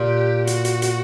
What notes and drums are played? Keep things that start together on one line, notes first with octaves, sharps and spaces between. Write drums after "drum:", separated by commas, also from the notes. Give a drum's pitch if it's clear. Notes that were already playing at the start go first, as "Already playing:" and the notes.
Already playing: A#2 G4
F#4, drum: hi-hat
drum: hi-hat
drum: hi-hat